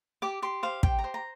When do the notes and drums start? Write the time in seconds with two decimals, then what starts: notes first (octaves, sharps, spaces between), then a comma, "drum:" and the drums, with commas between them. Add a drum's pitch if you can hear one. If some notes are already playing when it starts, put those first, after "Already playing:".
0.22 G4 D6
0.42 G4 C6
0.63 C5 F5
0.83 G4 G5, drum: kick
0.99 A#5
1.04 C5
1.14 A#5